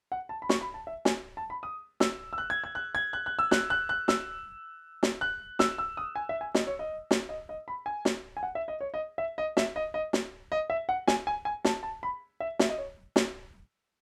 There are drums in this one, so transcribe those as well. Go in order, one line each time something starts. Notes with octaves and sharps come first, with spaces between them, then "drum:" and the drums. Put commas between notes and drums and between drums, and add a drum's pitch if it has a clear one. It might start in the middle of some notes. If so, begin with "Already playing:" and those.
F#5
A5
B5
C#6, drum: snare
B5
A5
E5
G#5, drum: snare
A5
B5
D#6
E6, drum: snare
E6
F#6
G#6
G#6
F#6
G#6
F#6
F#6
E6
F#6, drum: snare
F#6
F#6
E6, drum: snare
drum: snare
F#6
E6, drum: snare
E6
D#6
G#5
E5
G#5
D#5, drum: snare
C#5
D#5
drum: snare
D#5
D#5
B5
G#5
drum: snare
G#5
F#5
E5
D#5
C#5
D#5
E5
D#5
E5, drum: snare
D#5
D#5
drum: snare
D#5
E5
F#5
G#5, drum: snare
G#5
G#5
A5, drum: snare
A5
B5
E5
E5, drum: snare
D#5
C#5
drum: snare